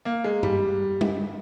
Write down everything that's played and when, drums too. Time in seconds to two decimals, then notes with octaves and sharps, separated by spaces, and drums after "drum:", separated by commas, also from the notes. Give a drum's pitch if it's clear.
0.05 A#3
0.24 G#3
0.43 G3, drum: tom G2
1.01 drum: tom G3